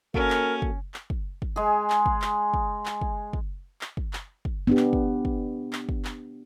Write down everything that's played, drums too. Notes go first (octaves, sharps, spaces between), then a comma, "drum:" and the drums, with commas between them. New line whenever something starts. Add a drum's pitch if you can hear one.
A#3 C#4 F#4 A4 A#4, drum: kick
drum: clap
drum: kick
drum: clap
drum: kick
drum: kick
G#3 G#4
drum: clap
drum: kick
drum: clap
drum: kick
drum: clap
drum: kick
drum: kick
drum: clap
drum: kick
drum: clap
drum: kick
B3 D4 G4
drum: clap
drum: kick
drum: kick
drum: clap
drum: kick
drum: clap